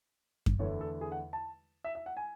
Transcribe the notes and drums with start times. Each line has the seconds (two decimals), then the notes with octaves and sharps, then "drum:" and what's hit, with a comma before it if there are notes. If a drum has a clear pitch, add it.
0.46 drum: kick F#2
0.59 E2 D3 A3 E4 C#5
0.81 A4
1.01 G#4
1.12 F#5
1.33 A5
1.84 E5
1.95 E5
2.06 F#5
2.17 G#5